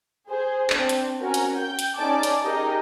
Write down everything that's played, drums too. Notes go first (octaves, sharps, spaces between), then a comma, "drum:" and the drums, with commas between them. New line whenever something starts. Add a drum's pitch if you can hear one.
G#4 C5
C4 D4, drum: clap
drum: hi-hat
C#4 F#4 A#4
drum: hi-hat
G5 G6
drum: hi-hat
C#4 D#4 G#4 D5 A5 D6
drum: hi-hat
D#4 G4 G#4 A#4 D#5